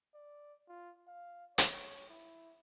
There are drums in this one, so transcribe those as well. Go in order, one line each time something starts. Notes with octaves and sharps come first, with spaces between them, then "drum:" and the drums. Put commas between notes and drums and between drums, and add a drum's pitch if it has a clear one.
D5
F4
F5
C#5, drum: hi-hat
E4